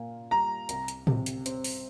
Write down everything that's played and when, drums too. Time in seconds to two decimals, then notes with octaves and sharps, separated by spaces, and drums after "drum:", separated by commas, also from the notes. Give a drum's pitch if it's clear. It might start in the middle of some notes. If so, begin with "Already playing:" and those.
Already playing: A#2 A#3
0.31 G3 A#5
0.69 C2, drum: hi-hat
0.88 drum: hi-hat
1.07 C3, drum: tom A2
1.26 drum: hi-hat
1.46 C4, drum: hi-hat
1.64 drum: open hi-hat